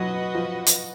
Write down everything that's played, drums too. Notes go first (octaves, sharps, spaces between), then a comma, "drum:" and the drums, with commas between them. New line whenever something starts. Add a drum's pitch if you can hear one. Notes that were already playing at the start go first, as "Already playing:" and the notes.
Already playing: F#3 F#4 B4 D#5 F#5
F3
drum: hi-hat